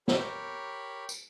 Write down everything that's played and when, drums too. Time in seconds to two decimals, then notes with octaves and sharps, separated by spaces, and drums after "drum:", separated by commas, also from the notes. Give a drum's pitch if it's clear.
0.08 G4 A#4 C#5 B5, drum: snare
1.09 drum: tambourine